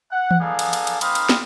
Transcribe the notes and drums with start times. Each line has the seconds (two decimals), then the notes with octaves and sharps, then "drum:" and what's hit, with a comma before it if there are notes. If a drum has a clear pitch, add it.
0.12 F#5
0.31 drum: tom E3
0.41 B3 D#4 G#4 A4 D5 F5
0.59 drum: cymbal
0.73 drum: cymbal
0.87 drum: cymbal
1.01 A#3 C4 D#4 F5 B5 D#6, drum: cymbal
1.15 drum: cymbal
1.29 drum: snare